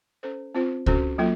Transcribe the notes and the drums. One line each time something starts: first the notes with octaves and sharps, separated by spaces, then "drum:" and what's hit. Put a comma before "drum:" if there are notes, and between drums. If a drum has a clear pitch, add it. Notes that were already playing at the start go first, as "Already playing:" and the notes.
C#4 A4 C5
C4 F4 C5
C#4 F#4 A4 C5, drum: kick C#2
F#3 A#3 F4 A4